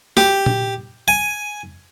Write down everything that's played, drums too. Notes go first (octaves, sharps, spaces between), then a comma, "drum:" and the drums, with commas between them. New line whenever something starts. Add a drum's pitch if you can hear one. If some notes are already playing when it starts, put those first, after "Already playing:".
G4, drum: snare
drum: tom A#2
G#5